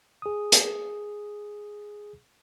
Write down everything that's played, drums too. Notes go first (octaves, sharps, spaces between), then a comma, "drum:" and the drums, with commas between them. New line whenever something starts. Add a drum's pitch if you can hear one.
G#4 D#6
drum: hi-hat